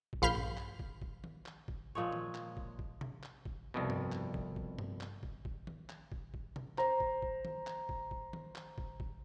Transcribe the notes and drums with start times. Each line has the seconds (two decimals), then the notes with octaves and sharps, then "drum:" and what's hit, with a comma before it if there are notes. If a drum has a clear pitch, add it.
0.13 drum: kick
0.22 A#1 F5 B5 F6 G6
0.35 drum: tom G2
0.57 drum: clap
0.79 drum: kick
1.02 drum: kick
1.24 drum: tom D#3
1.46 drum: clap
1.68 drum: kick
1.95 A#2 F3 G#3 C#5
2.12 drum: tom D#3
2.35 drum: clap
2.57 drum: kick
2.79 drum: kick
3.01 drum: tom B2
3.23 drum: clap
3.45 drum: kick
3.74 C2 F2 B2
3.90 drum: tom G2
4.12 drum: clap
4.34 drum: kick
4.56 drum: kick
4.79 drum: tom G2
5.01 drum: clap
5.23 drum: kick
5.45 drum: kick
5.67 drum: tom D#3
5.89 drum: clap
6.12 drum: kick
6.34 drum: kick
6.56 drum: tom B2
6.78 C5 A#5, drum: clap
7.00 drum: kick
7.22 drum: kick
7.45 drum: tom D#3
7.67 drum: clap
7.89 drum: kick
8.11 drum: kick
8.33 drum: tom D#3
8.55 drum: clap
8.78 drum: kick
9.00 drum: kick